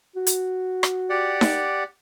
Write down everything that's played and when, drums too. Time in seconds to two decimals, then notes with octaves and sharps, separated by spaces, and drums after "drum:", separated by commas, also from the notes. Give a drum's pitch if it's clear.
0.16 F#4
0.27 drum: hi-hat
0.83 drum: rim click
1.10 G4 D5 F#5
1.41 drum: snare D#4